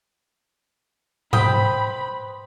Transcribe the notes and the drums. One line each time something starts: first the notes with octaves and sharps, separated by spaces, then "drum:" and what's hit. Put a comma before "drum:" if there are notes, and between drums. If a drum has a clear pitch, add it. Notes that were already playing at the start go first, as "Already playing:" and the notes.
B4 C5 G5 B5 D#6, drum: tom G#2